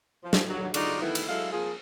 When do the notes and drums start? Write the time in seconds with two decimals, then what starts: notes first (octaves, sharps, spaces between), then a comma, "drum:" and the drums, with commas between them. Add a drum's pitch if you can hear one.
0.23 F3
0.33 drum: snare
0.49 F#3
0.74 D3 D#4 F4 F#4 G#4 D5, drum: cymbal
1.02 D#3 E3 A3 B3 E4
1.15 drum: cymbal
1.28 F#3 G#3 E4 A4 F5
1.52 F3 A#3 C4 F4 G#4